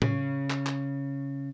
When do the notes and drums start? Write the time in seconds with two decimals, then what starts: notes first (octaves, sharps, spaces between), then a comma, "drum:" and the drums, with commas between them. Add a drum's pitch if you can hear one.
0.02 C#3, drum: tom A2
0.50 drum: clap
0.67 drum: clap